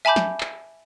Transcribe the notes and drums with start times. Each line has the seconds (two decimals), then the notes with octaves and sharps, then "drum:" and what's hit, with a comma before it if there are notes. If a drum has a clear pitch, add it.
0.05 E5 G#5 A5 B5 D6 G6
0.16 drum: snare F3
0.40 drum: clap